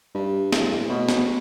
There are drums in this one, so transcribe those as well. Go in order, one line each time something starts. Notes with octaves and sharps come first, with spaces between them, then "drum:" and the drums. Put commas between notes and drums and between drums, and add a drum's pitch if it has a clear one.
G2
A2, drum: snare
B2
drum: snare